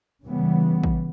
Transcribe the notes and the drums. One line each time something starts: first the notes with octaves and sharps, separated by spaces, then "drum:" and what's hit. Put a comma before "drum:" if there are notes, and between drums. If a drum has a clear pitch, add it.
C#3 E3 G3 B3
drum: kick A1